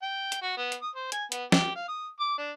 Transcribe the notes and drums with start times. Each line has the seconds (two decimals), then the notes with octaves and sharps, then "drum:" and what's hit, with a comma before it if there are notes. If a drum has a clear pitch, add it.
0.02 G5
0.32 drum: hi-hat
0.42 F#4
0.57 B3
0.72 drum: hi-hat
0.82 D#6
0.96 C5
1.12 G#5, drum: hi-hat
1.32 B3, drum: hi-hat
1.52 G4, drum: snare
1.76 F5
1.88 D#6
2.20 D6
2.38 D4